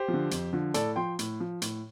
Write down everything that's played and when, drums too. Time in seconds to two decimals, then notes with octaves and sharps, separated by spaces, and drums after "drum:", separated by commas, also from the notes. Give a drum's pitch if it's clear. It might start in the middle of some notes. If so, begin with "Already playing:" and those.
Already playing: G4 C5
0.08 F3
0.13 D3
0.31 F2, drum: hi-hat
0.53 D3 F3
0.74 A2 A4 D5, drum: hi-hat
0.96 F3 G5 C6
1.19 A2, drum: hi-hat
1.40 F3
1.62 A2, drum: hi-hat